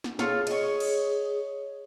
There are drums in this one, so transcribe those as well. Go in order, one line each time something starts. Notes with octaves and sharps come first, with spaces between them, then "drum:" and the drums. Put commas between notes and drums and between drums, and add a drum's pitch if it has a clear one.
drum: snare
F4 G#4 A4 C#5, drum: snare
C#5 D#5, drum: cymbal
drum: cymbal